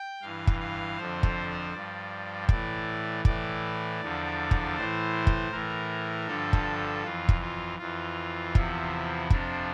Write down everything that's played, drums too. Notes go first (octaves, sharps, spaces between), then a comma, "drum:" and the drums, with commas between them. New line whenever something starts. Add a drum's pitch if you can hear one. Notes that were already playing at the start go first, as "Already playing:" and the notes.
Already playing: G5
G2 E3 F5
drum: kick
F5
F2 D3 F3 C5
drum: kick
G2 F3 D5
A2 E3 D5, drum: kick
A2 E3 D5, drum: kick
E2 D3 F3
drum: kick
A2 E3 C5
drum: kick
A2 E3 A#4
G2 D3 F3 A4
drum: kick
F2 E3 F4
drum: kick
F4
F2 E3 F4
E2 C3 F3 E4, drum: kick
F2 C3 F3 D4, drum: kick